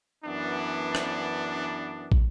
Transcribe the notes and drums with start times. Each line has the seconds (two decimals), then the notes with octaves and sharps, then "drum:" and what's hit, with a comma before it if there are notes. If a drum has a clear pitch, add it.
0.24 F#2 E3 B3 D4
0.95 drum: rim click
2.12 drum: kick